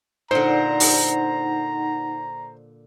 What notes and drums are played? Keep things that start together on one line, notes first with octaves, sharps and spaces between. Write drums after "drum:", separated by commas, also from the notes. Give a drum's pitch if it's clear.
A#2 D3 D#4 C5 F#5 A#5
drum: open hi-hat